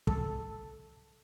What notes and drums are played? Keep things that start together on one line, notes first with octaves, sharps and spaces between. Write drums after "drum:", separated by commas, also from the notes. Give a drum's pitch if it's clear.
A4, drum: kick